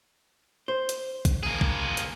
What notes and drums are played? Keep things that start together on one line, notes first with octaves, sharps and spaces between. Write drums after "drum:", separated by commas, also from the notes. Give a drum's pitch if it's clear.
C5
drum: hi-hat
drum: kick B1, hi-hat
A#3 G#4
drum: kick B1
drum: hi-hat